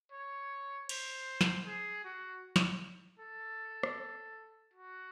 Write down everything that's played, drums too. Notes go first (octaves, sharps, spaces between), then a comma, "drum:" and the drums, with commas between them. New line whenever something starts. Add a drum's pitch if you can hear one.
C#5
C5, drum: cymbal
drum: snare
G#4
F#4
drum: snare
A4
drum: rim click
F#4